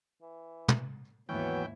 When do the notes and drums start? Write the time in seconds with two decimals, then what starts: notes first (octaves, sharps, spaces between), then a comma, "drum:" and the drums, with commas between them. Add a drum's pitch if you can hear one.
0.22 E3
0.68 drum: tom
1.29 D#2 G#2 E3 F#3 B3 C#4 E4 G5